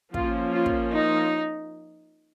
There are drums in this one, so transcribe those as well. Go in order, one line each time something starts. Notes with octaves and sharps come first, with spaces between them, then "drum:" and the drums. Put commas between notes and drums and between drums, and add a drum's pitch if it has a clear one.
F3 A#3 C#4 F4, drum: kick
F4
drum: kick
D#4